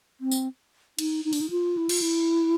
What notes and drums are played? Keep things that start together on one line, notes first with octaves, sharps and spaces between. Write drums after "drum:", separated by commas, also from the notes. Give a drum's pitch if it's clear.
C4
drum: tambourine
D#4, drum: cymbal
D#4
D4, drum: open hi-hat
D#4
F4
E4
F4, drum: cymbal
E4